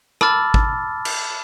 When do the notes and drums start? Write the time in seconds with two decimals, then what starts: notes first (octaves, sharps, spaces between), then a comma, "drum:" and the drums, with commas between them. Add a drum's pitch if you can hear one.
0.21 A5 B5 D6 E6 F6 A6, drum: rim click
0.54 drum: kick G#1
1.05 drum: cymbal